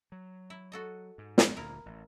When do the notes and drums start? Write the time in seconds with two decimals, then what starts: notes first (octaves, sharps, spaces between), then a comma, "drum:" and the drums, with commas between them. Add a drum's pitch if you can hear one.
0.12 F#3
0.50 E4
0.72 F#4 A4 D#5
1.18 G#2
1.38 drum: snare
1.56 D2 A#2 D3 E4 A#4
1.86 A1